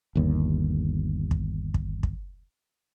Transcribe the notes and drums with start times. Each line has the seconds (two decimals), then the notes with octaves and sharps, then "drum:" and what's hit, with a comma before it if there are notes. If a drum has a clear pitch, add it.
0.15 G1 D#2
1.31 drum: kick
1.74 drum: kick
2.03 drum: kick